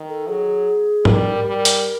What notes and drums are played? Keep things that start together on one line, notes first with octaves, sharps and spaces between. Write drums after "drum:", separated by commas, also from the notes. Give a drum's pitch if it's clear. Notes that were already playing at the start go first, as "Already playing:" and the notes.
Already playing: D#3
A4
F#3 G#4
G3 A#4, drum: tom G#2
G3
drum: hi-hat